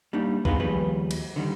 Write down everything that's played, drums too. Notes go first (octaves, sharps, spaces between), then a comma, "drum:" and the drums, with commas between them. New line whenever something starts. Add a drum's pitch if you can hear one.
G3 A#3 D4 D#4
B3 D4 D#4 F4 G#4 B4, drum: kick
D#2 F3 G3 G#4 B4
drum: cymbal
D3 D#3 G3